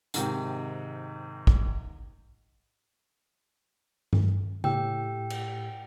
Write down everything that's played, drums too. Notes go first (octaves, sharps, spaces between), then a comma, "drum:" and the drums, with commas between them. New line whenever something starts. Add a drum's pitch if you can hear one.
G#2 C3 D#3, drum: hi-hat
drum: kick
drum: tom G2
A2 G4 G5 E6, drum: tom C#3
drum: cymbal